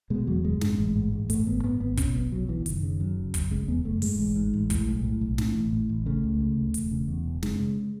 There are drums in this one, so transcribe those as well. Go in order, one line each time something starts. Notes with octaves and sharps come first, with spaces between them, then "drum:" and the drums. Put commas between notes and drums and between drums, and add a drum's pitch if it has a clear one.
B2 G#3
E2 F#3
F#1 G#3
G#2 G#3, drum: snare
A1
G#2
A1
G#2 A3, drum: hi-hat
G#1 B3
G#2 B3
G#1 B3
B2 C#4, drum: kick, hi-hat
B1 B3
B2 F#3
B1 E3
F#1 D#3, drum: hi-hat
C#3
F#2
F#1
F#1, drum: kick, hi-hat
C#3 G#3
E2 B3
F#1 A3
G#2 G#3, drum: open hi-hat
A1
G#2
A1
A2, drum: kick, hi-hat
B1
A2
B1
A2, drum: snare
A1
A2
A1
C#3 A3
C#2
C#3
C#2
E1, drum: hi-hat
C#3
E2
E1
F#1 G#3, drum: snare
C#3